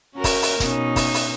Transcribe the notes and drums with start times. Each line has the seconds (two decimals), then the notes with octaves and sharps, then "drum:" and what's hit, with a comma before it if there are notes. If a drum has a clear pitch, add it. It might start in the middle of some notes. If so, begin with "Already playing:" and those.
0.15 C#4 F#4 A#4
0.24 drum: kick, open hi-hat
0.42 drum: open hi-hat
0.60 B2 C#4 D#4, drum: kick, hi-hat
0.96 drum: kick, open hi-hat
1.14 drum: open hi-hat